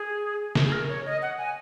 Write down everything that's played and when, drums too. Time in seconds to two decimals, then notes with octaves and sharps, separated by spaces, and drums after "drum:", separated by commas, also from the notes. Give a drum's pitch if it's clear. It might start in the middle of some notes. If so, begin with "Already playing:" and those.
Already playing: G#4
0.55 drum: snare
0.66 G#4
0.72 A#4
0.89 C#5
1.06 D#5
1.22 F#5
1.38 G#5